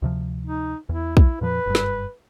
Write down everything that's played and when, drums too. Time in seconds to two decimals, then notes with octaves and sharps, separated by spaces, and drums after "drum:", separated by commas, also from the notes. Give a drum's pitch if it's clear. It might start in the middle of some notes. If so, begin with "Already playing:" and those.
0.02 D2 C3 F3
0.46 D#4
0.89 E2 E4
1.17 E4, drum: kick
1.41 F2 A#2 F3 B4
1.66 F#1 G2
1.75 drum: snare